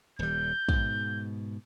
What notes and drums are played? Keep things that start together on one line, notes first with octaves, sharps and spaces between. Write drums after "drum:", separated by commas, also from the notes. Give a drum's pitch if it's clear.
D#1 G3 G6, drum: tom D#3
G#2 B2, drum: kick